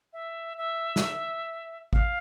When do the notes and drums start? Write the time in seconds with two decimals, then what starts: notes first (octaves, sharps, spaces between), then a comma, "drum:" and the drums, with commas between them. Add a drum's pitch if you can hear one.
0.13 E5
0.57 E5
0.96 drum: snare
1.93 F5, drum: kick